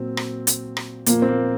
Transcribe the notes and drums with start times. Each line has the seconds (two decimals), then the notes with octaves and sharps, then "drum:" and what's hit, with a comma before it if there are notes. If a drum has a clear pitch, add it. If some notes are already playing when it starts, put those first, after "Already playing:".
Already playing: A#2 F#3 C4
0.17 drum: rim click
0.47 drum: hi-hat
0.77 drum: rim click
1.06 A#2 F3 A#3, drum: hi-hat
1.22 C4
1.28 A#3